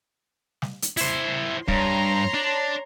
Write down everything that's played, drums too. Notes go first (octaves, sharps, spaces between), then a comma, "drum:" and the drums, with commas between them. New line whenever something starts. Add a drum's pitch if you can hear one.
drum: snare
drum: hi-hat
E4 C5, drum: open hi-hat
G2 C#5 A#5 C6, drum: kick
D4